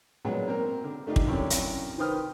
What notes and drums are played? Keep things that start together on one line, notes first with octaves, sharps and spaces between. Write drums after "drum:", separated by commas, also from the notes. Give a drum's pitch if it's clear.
A#2 F#3 G#3 B3
A#3 C4 A#4
D3
A3 D4 D#4 F4 G4
drum: kick
F#2 A2 C3 C#4 D4
drum: hi-hat
D#3 B4 C5 G5 D#6 F6